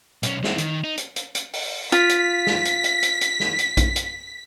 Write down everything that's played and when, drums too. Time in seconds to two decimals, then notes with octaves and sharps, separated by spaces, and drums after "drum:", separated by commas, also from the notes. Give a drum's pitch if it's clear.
0.23 B1 C#4, drum: hi-hat
0.44 C4 E4, drum: snare
0.58 D#3, drum: hi-hat
0.84 D#4
0.98 drum: hi-hat
1.16 drum: hi-hat
1.35 drum: hi-hat
1.53 drum: open hi-hat
1.92 F4 B6, drum: hi-hat
2.09 drum: hi-hat
2.47 drum: snare
2.65 drum: hi-hat
2.84 drum: hi-hat
3.03 drum: hi-hat
3.21 drum: hi-hat
3.40 drum: snare
3.59 drum: hi-hat
3.77 drum: kick A#1, hi-hat
3.96 drum: hi-hat